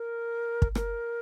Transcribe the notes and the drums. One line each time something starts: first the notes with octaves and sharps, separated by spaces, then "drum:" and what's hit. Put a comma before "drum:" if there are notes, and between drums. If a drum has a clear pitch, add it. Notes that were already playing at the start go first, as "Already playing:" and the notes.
Already playing: A#4
drum: kick
A#4, drum: rim click